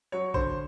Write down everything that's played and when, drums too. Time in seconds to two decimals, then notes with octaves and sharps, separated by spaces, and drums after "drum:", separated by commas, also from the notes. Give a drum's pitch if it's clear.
0.12 F#3 C#5
0.34 D3 C5, drum: kick A#1